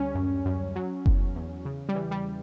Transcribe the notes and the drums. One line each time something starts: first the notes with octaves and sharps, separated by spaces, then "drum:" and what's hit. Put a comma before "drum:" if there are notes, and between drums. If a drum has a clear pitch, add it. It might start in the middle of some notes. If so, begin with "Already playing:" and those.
Already playing: D2 G3 C#4
F#2
F#2
F#3
E2, drum: kick F#1
E2
C#3
G3
E3
G3